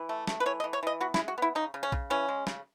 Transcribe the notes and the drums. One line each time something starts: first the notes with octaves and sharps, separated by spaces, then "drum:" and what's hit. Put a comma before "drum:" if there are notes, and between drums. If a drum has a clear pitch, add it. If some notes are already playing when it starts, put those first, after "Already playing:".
Already playing: E3
A3
A3, drum: snare
B4
E3 C#5
D#5
E3
C#5
E3 D#5
B3 F#4
E4, drum: snare
G#3
F#4
B3 E4
C#3 D#4
C#3
C#4
C#3, drum: kick A#1
E3 C#4
G#3
C#3, drum: snare